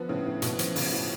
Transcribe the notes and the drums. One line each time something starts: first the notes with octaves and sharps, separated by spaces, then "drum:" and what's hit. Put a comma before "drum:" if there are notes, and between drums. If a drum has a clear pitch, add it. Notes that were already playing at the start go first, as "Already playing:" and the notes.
Already playing: D3 F3 B3
A2 C#3
A2
B2 B3, drum: hi-hat
F3, drum: hi-hat
C#3 F3, drum: open hi-hat
A2